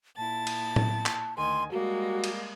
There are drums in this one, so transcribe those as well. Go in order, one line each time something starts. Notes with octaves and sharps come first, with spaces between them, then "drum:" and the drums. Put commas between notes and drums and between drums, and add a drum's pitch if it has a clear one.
A#2 E4 A5 A6
drum: cymbal
drum: tom A2
drum: clap
D2 D#3 G#5 C6
G3 G#3 A#3 F#4
drum: cymbal